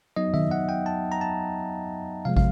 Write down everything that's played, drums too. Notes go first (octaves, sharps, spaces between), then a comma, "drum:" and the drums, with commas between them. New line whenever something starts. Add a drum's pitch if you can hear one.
F#3 B3 D#4 D#5
E5, drum: tom D#3
F#5
G5
A5
A#5
A5
C3 F3 G#3 F5
F5, drum: kick